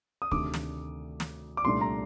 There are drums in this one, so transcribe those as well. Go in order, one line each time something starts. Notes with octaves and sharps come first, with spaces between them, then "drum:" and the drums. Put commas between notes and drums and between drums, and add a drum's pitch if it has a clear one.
D#6
D2 C3 D#3 A3 D4 D6, drum: kick
drum: snare
drum: snare
D6
C2 A#2 A3 D4 C6
A#5